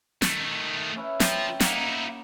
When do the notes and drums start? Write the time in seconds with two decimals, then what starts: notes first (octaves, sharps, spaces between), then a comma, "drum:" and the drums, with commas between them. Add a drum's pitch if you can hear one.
0.22 D#3 A3, drum: snare
0.96 C#4 E4 B4
1.20 F3 G5 A#5, drum: snare
1.60 A#3 D#4 E4 F#5, drum: snare